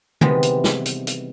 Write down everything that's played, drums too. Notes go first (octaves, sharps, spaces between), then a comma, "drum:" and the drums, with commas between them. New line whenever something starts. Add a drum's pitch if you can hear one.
C3 D#3 E3 G3 G#3 B3, drum: tom
drum: hi-hat
drum: snare
drum: hi-hat
drum: hi-hat